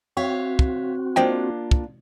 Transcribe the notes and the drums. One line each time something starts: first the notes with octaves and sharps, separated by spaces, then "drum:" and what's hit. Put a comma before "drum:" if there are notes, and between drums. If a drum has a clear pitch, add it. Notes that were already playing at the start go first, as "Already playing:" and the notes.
C4 F#4 C#5 E5 F5
drum: kick
A#3 D4 F4 C5 D#5 G5
drum: kick